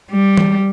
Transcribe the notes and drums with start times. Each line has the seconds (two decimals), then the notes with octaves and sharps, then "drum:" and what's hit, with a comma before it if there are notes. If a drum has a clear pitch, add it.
0.11 G3
0.37 drum: tom E3